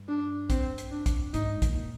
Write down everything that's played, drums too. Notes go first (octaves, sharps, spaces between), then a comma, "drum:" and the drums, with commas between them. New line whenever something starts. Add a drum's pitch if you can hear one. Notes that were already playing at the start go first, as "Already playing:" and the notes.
Already playing: G2
D4
C4, drum: kick, hi-hat
drum: hi-hat
D4
drum: kick, hi-hat
G#2 D#4, drum: hi-hat
A#2, drum: kick, hi-hat